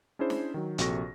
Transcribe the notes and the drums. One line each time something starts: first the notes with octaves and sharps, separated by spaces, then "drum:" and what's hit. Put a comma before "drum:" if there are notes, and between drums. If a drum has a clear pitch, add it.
C#4 D4 E4 G#4 C5
drum: snare
D#3 F#3
A#1 C3 F#4 A4 C#6 A#6, drum: hi-hat